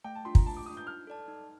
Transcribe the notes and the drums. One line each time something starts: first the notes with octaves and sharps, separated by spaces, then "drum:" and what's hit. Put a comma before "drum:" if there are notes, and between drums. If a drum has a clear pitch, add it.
A3 G5
A5
D4 F4 C6
A#5, drum: kick
A3 A5
D6
D4 F4 D#6
G6
D#4 F6
A4 D5 A5
D#4